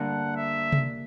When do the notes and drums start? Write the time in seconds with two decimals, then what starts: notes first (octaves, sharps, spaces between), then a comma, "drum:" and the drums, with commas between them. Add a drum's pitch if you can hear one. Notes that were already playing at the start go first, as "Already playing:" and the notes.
Already playing: D2 G2 D3 A#3 D4 A#4 F#5
0.36 E5
0.72 drum: tom C3